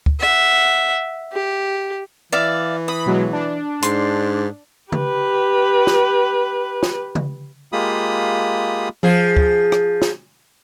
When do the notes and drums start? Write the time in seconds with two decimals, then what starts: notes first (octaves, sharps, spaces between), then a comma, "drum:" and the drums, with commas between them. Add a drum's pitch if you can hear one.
0.06 drum: kick
0.20 E5 F#5
1.32 G4
2.32 E3 D5 E5 F5
2.88 B5 D#6
3.06 B2 F#3 G#3
3.33 D4
3.83 G#2 C6, drum: hi-hat
4.92 G4 B4, drum: tom C#3
5.87 drum: snare
6.83 drum: snare
7.15 drum: tom C#3
7.73 G#3 A#3 F4 G4 B5 D#6
9.03 F3 G#4, drum: tom F3
9.37 drum: kick
9.72 drum: rim click
10.02 drum: snare